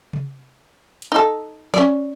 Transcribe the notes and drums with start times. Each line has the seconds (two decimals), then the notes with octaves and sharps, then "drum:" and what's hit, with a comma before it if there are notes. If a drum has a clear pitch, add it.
0.13 drum: tom C3
1.02 drum: hi-hat
1.12 D#4 A4
1.74 C#4 D5, drum: snare